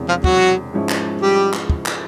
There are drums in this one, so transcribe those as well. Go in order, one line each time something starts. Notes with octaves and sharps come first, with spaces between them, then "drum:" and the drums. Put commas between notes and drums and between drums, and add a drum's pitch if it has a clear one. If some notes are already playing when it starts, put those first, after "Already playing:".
Already playing: E1 E2 C3
F3 F4
F#3 F#4, drum: kick
G#2 F3 G#3 C#4 E4
drum: clap
G3 G4
drum: clap
drum: kick
drum: clap